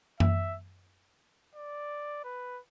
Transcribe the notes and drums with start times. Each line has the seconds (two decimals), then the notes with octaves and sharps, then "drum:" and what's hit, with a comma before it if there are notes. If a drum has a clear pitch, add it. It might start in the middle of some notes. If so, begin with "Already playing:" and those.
0.20 E5, drum: tom F#2
1.56 D5
2.24 B4